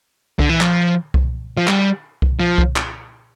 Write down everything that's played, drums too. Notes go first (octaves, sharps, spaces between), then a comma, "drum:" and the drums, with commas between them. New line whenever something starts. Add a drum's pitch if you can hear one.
D3, drum: kick C2
E3
F3, drum: clap
drum: kick C2
F3
G3, drum: clap
drum: kick C2
F3
drum: kick C2
drum: clap